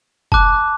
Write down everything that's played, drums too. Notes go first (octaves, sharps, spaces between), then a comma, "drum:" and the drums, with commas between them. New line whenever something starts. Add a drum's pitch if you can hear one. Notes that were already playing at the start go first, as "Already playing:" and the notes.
A5 D6 F#6, drum: kick F1